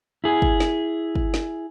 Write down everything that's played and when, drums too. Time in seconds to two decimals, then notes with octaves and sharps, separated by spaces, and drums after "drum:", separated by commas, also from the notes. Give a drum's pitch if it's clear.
0.24 E4 G#4
0.42 drum: kick
0.60 drum: snare
1.15 drum: kick
1.34 drum: snare